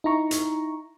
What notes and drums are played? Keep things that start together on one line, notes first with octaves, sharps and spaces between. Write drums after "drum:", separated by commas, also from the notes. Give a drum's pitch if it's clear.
D#4 E4 A#5 C#6
drum: hi-hat